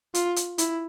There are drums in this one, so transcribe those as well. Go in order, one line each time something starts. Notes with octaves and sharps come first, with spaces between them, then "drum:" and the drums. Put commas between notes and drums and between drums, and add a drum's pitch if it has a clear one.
F4, drum: hi-hat
drum: hi-hat
E4, drum: hi-hat